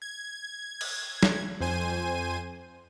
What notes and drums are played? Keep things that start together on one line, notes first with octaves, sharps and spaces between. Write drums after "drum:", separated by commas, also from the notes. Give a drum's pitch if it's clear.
G#6
drum: cymbal
drum: snare
F2 C5 G#5 D#7